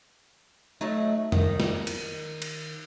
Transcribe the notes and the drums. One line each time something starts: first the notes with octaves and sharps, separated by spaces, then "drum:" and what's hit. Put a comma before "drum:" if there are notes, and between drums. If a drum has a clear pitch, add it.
F#3 A3 D#4
D#3, drum: tom F2
drum: snare
drum: cymbal
drum: cymbal